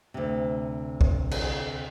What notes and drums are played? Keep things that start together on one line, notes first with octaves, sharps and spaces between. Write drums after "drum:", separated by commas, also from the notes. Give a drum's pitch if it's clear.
D2 C3
drum: kick
drum: cymbal